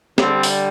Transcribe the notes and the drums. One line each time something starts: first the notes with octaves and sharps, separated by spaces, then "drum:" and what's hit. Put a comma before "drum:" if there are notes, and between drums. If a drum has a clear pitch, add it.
D3 G3 C4, drum: snare
drum: open hi-hat